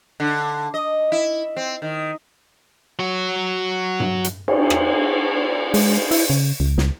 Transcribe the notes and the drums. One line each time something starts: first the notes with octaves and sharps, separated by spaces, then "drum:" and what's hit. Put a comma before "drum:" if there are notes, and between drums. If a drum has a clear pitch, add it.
D3
D#5
E4
C4
D#3
F#3 F#4
drum: tom G2
drum: hi-hat
drum: cymbal
drum: rim click
G#3, drum: open hi-hat
E4, drum: open hi-hat
C#3
C#2
C#2, drum: snare